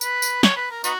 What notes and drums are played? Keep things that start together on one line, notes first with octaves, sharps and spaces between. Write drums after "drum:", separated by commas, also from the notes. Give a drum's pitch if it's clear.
B4, drum: tambourine
drum: tambourine
C#5, drum: snare
B4
A#4
B3 D#4 F#4, drum: tambourine